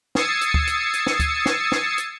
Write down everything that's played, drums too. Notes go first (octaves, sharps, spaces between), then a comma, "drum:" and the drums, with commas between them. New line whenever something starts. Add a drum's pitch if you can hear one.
D#6 E6 G#6 A6 C7 C#7, drum: snare
drum: hi-hat
drum: kick D2
drum: hi-hat
drum: hi-hat
drum: snare
drum: kick D2, hi-hat
drum: snare
drum: snare
drum: hi-hat